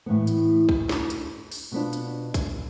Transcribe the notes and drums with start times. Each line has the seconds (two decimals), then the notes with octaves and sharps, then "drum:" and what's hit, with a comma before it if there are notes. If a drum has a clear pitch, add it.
0.06 A2 E3 B3
0.27 drum: hi-hat
0.69 drum: kick
0.89 drum: snare
1.10 drum: hi-hat
1.52 drum: open hi-hat
1.72 B2 B3 D4 F4
1.93 drum: hi-hat
2.34 drum: kick, hi-hat